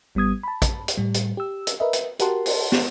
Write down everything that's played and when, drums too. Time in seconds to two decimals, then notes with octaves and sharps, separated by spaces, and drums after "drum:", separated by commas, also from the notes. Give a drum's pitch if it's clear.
0.15 G#1 G3 B3 D#6 G#6
0.43 A5 B5
0.62 drum: kick, hi-hat
0.88 drum: hi-hat
0.97 A2 G3
1.14 drum: hi-hat
1.37 G4 E6
1.67 drum: hi-hat
1.80 A#4 B4 D#5 E5
1.93 drum: hi-hat
2.19 F#4 G4 A#4 F#5 A5 C6, drum: hi-hat
2.46 drum: open hi-hat
2.72 drum: snare